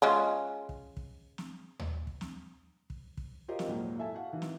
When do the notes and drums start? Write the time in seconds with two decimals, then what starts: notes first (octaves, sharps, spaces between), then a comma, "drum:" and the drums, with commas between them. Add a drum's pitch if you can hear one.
0.02 G#3 C#4 F4
0.69 drum: kick
0.97 drum: kick
1.38 drum: snare
1.79 drum: tom D#2
2.07 drum: kick
2.21 drum: snare
2.90 drum: kick
3.17 drum: kick
3.48 F4 G4 A#4 C5 D#5
3.59 drum: snare
3.68 G#1 D#2 A#2 F#3
3.98 E4 A4 E5 G#5 A5
4.14 F#4 F5 F#5
4.32 D#3 E3
4.42 drum: snare